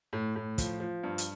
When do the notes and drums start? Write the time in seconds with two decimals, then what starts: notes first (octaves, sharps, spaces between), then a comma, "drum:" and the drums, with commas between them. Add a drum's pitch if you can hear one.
0.13 A2
0.36 A2
0.58 F3, drum: kick, hi-hat
0.80 F3
1.04 G2
1.18 drum: hi-hat